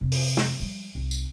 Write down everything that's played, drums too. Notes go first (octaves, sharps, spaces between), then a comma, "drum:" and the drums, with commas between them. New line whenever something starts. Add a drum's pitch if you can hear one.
F2 C3
drum: open hi-hat
drum: snare
F3 G3
C2 D#4
drum: tambourine